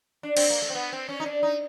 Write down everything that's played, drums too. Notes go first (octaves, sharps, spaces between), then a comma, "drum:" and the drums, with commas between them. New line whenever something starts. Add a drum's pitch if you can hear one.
D4
C4, drum: cymbal
A#3
A3
C4
B3
C4
C#4
D#4
D4
D#4